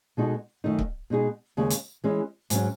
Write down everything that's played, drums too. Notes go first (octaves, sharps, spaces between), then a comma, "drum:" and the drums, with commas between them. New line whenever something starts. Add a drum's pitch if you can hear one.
B2 G#3 D#4 F#4 A4
F#2 D#3 A3 D#4
drum: kick C#1
B2 G#3 D#4 G#4
D#2 C#3 G#3
drum: hi-hat
E3 G#3 C#4
G#2 F#3 C#4, drum: hi-hat